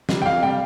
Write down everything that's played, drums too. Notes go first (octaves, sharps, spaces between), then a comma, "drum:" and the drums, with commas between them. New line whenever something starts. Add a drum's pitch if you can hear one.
C3 G3, drum: snare
G5
F2 F5
C3 G3 G5